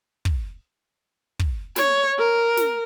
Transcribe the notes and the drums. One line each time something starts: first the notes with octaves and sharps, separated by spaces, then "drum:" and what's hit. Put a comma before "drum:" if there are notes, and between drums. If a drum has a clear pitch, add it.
drum: kick
drum: kick
C#5, drum: snare
A#4
drum: snare